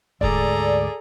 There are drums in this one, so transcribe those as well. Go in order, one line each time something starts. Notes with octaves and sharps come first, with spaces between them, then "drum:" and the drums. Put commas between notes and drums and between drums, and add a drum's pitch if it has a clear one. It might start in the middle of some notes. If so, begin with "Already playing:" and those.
D2 G#2 G#3 G#4 A4 D5 A#5, drum: kick D#1